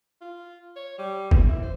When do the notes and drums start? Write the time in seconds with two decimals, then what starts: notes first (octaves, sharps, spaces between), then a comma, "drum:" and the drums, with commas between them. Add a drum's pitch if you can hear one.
0.21 F4
0.76 C#5
0.98 G3
1.31 drum: kick
1.49 E4
1.62 C5